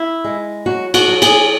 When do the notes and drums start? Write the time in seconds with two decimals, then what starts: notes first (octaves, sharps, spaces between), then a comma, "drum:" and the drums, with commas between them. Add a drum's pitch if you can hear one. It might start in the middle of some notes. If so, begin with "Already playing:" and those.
Already playing: E4
0.24 G#3
0.66 F#3 F#4
0.94 F#4, drum: cymbal
1.08 F#3
1.22 G#4, drum: cymbal